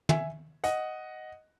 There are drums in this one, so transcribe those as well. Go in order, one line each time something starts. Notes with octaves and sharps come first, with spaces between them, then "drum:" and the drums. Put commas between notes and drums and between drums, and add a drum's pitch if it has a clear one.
E5 G#5, drum: tom
D#5 F#5, drum: hi-hat